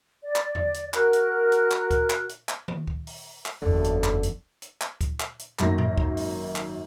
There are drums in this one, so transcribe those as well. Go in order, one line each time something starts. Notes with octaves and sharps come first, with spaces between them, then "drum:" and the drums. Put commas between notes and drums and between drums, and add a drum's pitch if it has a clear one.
D5
drum: clap
drum: tom E2
drum: hi-hat
F#4 A#4 F#6, drum: clap
drum: hi-hat
drum: hi-hat
drum: clap
drum: kick, hi-hat
drum: clap
drum: hi-hat
drum: clap
drum: tom D#3
drum: kick
drum: open hi-hat
drum: clap
F#1 E2 D3
drum: hi-hat
drum: clap
drum: hi-hat
drum: hi-hat
drum: clap
drum: kick, hi-hat
drum: clap
drum: hi-hat
G#1 F#2 A#3 A#6, drum: clap
drum: tom A2
drum: kick
drum: open hi-hat
drum: clap